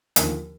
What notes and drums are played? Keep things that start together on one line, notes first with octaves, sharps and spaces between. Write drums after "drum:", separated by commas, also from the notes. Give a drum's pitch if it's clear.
D#2 D3 F3, drum: hi-hat